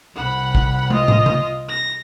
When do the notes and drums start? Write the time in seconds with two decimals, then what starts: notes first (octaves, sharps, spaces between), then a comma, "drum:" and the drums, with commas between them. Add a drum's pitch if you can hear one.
0.15 C2 C3 F#5 B5
0.55 drum: kick
0.90 F4 D#5, drum: tom
1.08 drum: tom
1.26 drum: tom C#3
1.69 A#6